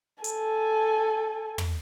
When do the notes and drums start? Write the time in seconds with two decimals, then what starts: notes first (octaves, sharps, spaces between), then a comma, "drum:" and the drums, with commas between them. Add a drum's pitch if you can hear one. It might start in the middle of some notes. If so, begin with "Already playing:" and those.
0.24 A4 G#5, drum: hi-hat
1.58 drum: tom